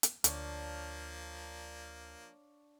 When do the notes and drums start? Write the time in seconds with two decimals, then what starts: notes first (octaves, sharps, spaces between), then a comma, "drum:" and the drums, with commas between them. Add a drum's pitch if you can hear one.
0.03 drum: hi-hat
0.24 D2 F3 A#3 D4 C#5 F5, drum: hi-hat